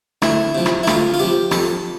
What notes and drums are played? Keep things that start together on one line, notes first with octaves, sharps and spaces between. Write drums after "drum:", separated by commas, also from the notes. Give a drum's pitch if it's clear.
D2 E4, drum: rim click
C3 F3
drum: rim click
E4
D2 F4, drum: rim click
F4
C3 F3 G4
F2 A4, drum: rim click